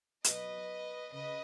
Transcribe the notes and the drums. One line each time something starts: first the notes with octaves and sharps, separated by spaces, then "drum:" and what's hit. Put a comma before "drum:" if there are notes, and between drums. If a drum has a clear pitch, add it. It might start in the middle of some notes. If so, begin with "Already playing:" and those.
B2 F#3 B4 D#5, drum: hi-hat
C#3 B4 D#5